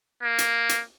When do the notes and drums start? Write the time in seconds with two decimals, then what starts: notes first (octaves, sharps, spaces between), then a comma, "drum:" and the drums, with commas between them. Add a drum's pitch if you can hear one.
0.23 A#3
0.38 drum: hi-hat
0.69 drum: hi-hat